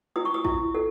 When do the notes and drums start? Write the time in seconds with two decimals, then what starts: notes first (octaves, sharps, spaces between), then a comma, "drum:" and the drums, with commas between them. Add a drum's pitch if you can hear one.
0.16 E4 D#6
0.25 C#6
0.34 D#6
0.45 E4, drum: kick G#1
0.75 A4